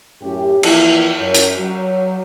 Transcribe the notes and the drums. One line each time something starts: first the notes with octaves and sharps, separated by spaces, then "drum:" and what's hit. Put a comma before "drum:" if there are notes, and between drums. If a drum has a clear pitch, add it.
F#2 A2 C#4 G4
E3 F3 A#3 E4, drum: cymbal
F#2 C#5
drum: hi-hat
F#3